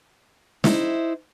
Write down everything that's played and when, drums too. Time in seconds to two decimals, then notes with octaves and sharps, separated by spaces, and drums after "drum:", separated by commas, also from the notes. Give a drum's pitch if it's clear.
0.64 D#4 E4 C5, drum: snare